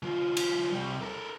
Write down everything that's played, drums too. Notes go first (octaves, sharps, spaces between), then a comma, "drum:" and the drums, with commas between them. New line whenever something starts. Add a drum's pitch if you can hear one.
E3 F4
drum: cymbal
C3 G3
A4 A#4